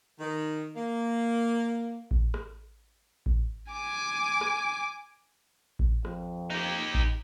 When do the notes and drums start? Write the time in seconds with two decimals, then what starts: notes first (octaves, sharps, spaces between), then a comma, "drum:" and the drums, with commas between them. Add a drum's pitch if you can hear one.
0.20 D#3
0.76 A#3
2.11 drum: kick A1
2.34 drum: rim click
3.26 drum: kick A1
3.72 G#5 D6
4.41 drum: rim click
5.79 drum: kick A1
6.05 F2, drum: rim click
6.50 D#4 G4
6.94 drum: kick A1